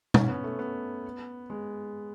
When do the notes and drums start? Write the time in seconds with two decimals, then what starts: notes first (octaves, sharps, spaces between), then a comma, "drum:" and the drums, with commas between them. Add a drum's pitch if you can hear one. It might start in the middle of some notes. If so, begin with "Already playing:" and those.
0.14 C#4, drum: tom
0.29 B3
0.44 A3
0.59 B3
1.50 G#3